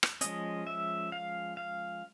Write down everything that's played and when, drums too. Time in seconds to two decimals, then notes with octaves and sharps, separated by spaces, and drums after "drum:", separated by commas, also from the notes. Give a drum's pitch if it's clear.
0.03 drum: rim click
0.21 F3 G#3 C#4 D#5, drum: hi-hat
0.67 E5
1.12 F5
1.57 F5